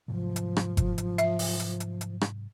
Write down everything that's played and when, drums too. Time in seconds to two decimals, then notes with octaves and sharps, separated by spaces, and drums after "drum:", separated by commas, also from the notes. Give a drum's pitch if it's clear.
0.08 G#2 C3 F3 F#3
0.36 drum: hi-hat
0.57 drum: rim click
0.77 drum: kick G1, hi-hat
0.98 drum: hi-hat
1.18 E5, drum: hi-hat
1.39 drum: open hi-hat
1.60 drum: hi-hat
1.80 drum: hi-hat
2.01 drum: hi-hat
2.21 drum: rim click